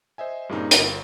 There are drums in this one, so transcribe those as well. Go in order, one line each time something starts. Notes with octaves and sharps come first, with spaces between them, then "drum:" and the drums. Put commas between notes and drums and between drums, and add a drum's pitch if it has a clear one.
C5 D#5 E5 G#5
G2 A#2 C#3 A#3 C4 D#4
G1 F4, drum: hi-hat